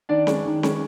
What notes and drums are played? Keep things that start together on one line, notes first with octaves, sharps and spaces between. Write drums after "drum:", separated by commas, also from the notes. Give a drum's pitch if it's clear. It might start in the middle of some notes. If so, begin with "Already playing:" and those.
D#3 D4 D5
G#3 C#4, drum: snare C4
D#3
G#3 C#4, drum: snare C4